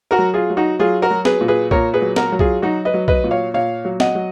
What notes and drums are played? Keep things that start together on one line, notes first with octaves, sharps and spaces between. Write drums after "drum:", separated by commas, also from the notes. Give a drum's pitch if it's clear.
F#4 A#4
F#3
F4 G#4
F#3
D#4 F#4
F#3 F4 G#4
F#4 A#4
F#3
G#4 B4, drum: snare
A#2
G#4 B4
A#2 A#4 C#5, drum: kick B1
G#4 B4
F#3
F#4 A#4, drum: snare
F#3
F4 G#4, drum: kick B1
F#3 D#4 F#4
B4 D#5
F#3
B4 D#5, drum: kick B1
A#2
C#5 F5
A#2 C#5 F5
F#3
D#5 F#5, drum: snare
F#3